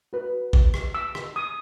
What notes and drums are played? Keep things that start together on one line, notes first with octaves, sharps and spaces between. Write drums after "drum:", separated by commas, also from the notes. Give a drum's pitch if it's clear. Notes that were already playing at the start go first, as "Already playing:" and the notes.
F#4 B4
drum: kick A1
drum: rim click
E6
drum: rim click
D#6